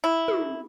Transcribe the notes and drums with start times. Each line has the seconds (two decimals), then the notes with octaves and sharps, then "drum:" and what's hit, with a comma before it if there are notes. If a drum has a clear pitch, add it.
0.04 E4
0.28 drum: tom